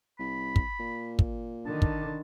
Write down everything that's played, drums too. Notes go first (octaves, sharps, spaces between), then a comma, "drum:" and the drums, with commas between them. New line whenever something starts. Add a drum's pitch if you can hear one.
C2 B5
drum: kick
A#2
drum: kick
D3 D#3 A5
drum: kick